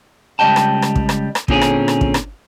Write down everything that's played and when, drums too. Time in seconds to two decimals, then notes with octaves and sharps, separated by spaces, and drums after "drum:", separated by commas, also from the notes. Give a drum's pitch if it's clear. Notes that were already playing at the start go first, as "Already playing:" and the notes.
0.39 C#2 C#3 G3 D#5 G5 A5
0.56 drum: rim click
0.82 drum: rim click
0.96 drum: kick
1.09 drum: rim click
1.35 drum: rim click
1.48 A#2 D3 C4 C#4 G4 G#4, drum: kick
1.61 drum: rim click
1.88 drum: rim click
2.01 drum: kick
2.14 drum: rim click